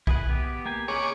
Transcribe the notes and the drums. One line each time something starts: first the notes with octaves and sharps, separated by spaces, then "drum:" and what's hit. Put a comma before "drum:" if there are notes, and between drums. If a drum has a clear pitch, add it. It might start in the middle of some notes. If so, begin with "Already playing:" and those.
E4 G#4 B4, drum: kick B1
B3 G4
A#3 G4 G#5
G#4 C#5 A#5 B5 D6